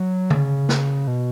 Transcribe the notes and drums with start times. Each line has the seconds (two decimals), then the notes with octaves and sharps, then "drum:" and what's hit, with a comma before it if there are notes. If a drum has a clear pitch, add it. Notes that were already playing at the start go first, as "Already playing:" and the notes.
Already playing: F#3
0.30 C#3, drum: tom D3
0.69 drum: snare
1.07 B2